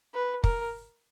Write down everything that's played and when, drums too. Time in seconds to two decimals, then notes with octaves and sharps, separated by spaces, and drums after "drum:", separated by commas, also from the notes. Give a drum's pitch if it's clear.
0.14 B4
0.44 A#4, drum: kick